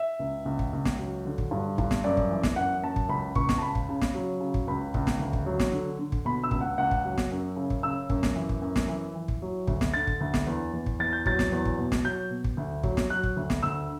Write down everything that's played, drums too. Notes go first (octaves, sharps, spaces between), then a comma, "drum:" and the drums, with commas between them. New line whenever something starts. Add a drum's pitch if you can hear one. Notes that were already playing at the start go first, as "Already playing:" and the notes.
Already playing: E5
C#2
C#2
drum: kick
C#2
drum: snare
F#3
D3
drum: kick
G2
G2, drum: kick
drum: snare
F#2 D5
drum: kick
E3
drum: snare
F#2 F#5
F#2 A5
drum: kick
C#2 B5
C#2 C#6, drum: kick
drum: snare
A5
C#3 B5
drum: kick
C#3
drum: snare
F#3
C#3
drum: kick
C#2 B5
C#2, drum: kick
drum: snare
D2
drum: kick
F#3
drum: snare
D3
D3
drum: kick
B2 B5
E6
C#2, drum: kick
F#5
C#2 F#5
drum: kick
F#3
drum: snare
F#2
C#3
drum: kick
C#3 E6
F#2, drum: kick
drum: snare
E3
drum: kick
F#2
drum: snare
E3
E3
drum: kick
F#3
D2, drum: kick
drum: snare
D3 A6
drum: kick
D2
drum: snare
E2
E2
drum: kick
E2 A6
G6
F#3 A6, drum: kick
drum: snare
E2
drum: kick
B2
drum: snare
F#3 G6
B2
drum: kick
D2
F#3, drum: kick
drum: snare
F#3 F#6
drum: kick
D2
drum: snare
D2 E6